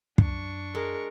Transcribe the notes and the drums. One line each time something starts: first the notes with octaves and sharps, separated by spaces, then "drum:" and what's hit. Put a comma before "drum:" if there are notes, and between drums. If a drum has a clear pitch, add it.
F#2 D4 C#6, drum: kick
G#3 A#4